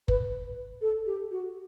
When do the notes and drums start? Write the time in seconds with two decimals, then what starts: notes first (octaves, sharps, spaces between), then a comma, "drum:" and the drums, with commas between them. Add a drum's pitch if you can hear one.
0.08 B4, drum: kick F#1
0.81 A4
1.06 G4
1.31 F#4